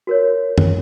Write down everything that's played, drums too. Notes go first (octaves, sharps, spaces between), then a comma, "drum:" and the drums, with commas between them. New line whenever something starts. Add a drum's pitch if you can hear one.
F#4 A#4 C#5
drum: tom